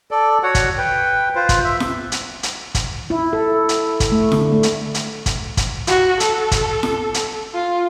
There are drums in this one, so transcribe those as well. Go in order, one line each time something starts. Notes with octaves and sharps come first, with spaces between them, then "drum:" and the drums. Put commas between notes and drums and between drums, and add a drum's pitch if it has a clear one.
A4 D5
F#4 C#5 F#5
drum: kick, hi-hat
B4 G5
F4 B4 C5
drum: kick, hi-hat
E5
drum: snare
drum: hi-hat
drum: hi-hat
drum: kick, hi-hat
E4
A4
drum: hi-hat
drum: kick, hi-hat
A3
D3, drum: snare
A3
drum: hi-hat
drum: hi-hat
drum: kick, hi-hat
drum: kick, hi-hat
F#4, drum: hi-hat
A4, drum: hi-hat
drum: kick, hi-hat
drum: snare
drum: hi-hat
F4